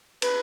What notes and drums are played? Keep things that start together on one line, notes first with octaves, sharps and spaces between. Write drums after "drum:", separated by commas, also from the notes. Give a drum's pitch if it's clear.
B4, drum: cymbal